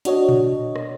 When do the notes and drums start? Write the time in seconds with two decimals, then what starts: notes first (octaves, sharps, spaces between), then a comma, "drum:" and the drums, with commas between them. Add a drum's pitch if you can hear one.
0.05 D4 F#4 C#5 D#5, drum: hi-hat
0.29 drum: tom A#2
0.76 drum: rim click